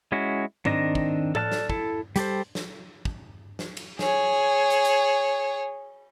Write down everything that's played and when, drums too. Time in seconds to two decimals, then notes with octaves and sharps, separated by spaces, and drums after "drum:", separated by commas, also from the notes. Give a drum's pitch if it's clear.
0.12 G#3 C#4 E4 F#4
0.65 D#3 C4 D4 D#5 A#5, drum: tom G#2
0.95 drum: kick
1.35 A4 D5 A5 F6 F#6, drum: tom A2
1.52 drum: snare
1.70 E4 A4 A5, drum: kick
2.16 G3 G4 A4 C5, drum: hi-hat
2.55 drum: snare
3.05 drum: kick
3.59 drum: snare
3.77 drum: cymbal
3.99 G#4 C#5, drum: snare
4.70 drum: hi-hat
4.85 drum: hi-hat